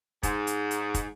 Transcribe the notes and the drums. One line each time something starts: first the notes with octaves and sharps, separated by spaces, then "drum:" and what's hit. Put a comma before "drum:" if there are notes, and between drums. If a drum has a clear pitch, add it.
G#2, drum: kick, hi-hat
drum: hi-hat
drum: hi-hat
drum: kick, hi-hat